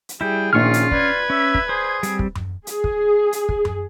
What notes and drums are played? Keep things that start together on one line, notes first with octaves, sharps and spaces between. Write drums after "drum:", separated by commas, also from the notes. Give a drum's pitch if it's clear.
drum: hi-hat
G3 E4 G#4 G5
A#1 A#2 D#3 C#4 F4 C#6 F6
drum: hi-hat
B4 D5 G#6, drum: kick
C#4 E5
drum: kick
G#4 C5
G3 C4, drum: hi-hat
drum: kick
drum: tom F#2
G#4, drum: hi-hat
drum: kick
drum: hi-hat
drum: kick
drum: tom F#2